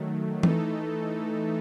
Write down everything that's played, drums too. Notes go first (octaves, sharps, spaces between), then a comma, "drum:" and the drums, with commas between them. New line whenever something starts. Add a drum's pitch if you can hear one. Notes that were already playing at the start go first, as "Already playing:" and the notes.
Already playing: D#3 F#3 A3
E3 A3 D#4 A4, drum: tom E3